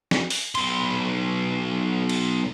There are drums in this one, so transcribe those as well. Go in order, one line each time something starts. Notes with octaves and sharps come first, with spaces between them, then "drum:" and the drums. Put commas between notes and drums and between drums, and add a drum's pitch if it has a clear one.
drum: snare
drum: open hi-hat
B1 C6, drum: cymbal
drum: cymbal